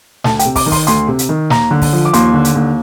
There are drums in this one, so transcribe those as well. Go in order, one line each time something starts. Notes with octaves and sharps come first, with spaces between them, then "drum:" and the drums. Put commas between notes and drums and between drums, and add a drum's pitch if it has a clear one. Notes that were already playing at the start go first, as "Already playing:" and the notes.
D2 A5, drum: snare
G5, drum: hi-hat
C3
D6, drum: kick, open hi-hat
D#3
C6, drum: kick, open hi-hat
D2 C6, drum: hi-hat
C3
drum: hi-hat
D#3
D#2 A#5, drum: snare
D3
drum: kick, open hi-hat
F3
D6
D#2 C6, drum: hi-hat
D3
drum: hi-hat
D#2